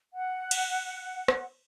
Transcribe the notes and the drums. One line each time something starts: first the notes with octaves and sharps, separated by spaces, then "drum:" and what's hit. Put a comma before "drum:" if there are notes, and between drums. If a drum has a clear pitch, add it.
F#5
drum: cymbal
drum: rim click